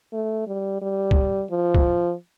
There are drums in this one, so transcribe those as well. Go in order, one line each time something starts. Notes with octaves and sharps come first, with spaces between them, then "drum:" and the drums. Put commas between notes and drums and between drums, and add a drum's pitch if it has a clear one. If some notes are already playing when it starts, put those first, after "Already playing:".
A3
G3
G3
drum: kick
F3
drum: kick